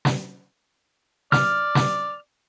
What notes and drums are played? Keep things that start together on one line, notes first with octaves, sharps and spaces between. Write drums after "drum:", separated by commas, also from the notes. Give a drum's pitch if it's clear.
drum: snare
D5 F6, drum: snare
drum: snare